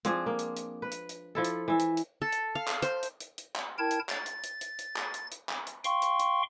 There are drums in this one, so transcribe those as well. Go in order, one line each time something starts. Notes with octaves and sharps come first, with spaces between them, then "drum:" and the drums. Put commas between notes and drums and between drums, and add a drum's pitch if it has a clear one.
F3 C4 D4 G#4, drum: hi-hat
A#3
drum: hi-hat
drum: hi-hat
B4
drum: hi-hat
drum: hi-hat
F3 E4 A4
drum: hi-hat
E3 E5
drum: hi-hat
drum: hi-hat
A4
drum: hi-hat
F5
drum: clap
C5, drum: hi-hat
drum: hi-hat
drum: hi-hat
drum: hi-hat
drum: clap
E4 A#4 G5 A5 G#6
drum: hi-hat
A6, drum: clap
drum: hi-hat
drum: hi-hat
drum: hi-hat
drum: hi-hat
drum: clap
drum: hi-hat
drum: hi-hat
drum: clap
drum: hi-hat
F5 G5 C6 C#6, drum: hi-hat
drum: hi-hat
drum: hi-hat